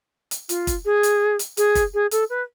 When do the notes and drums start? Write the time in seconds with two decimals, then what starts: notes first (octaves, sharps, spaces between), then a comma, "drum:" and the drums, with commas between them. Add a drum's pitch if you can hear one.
0.31 drum: hi-hat
0.49 F4, drum: hi-hat
0.67 drum: kick, hi-hat
0.85 G#4
1.03 drum: hi-hat
1.39 drum: hi-hat
1.57 G#4, drum: hi-hat
1.75 drum: kick, hi-hat
1.94 G#4
2.11 A4, drum: hi-hat
2.30 B4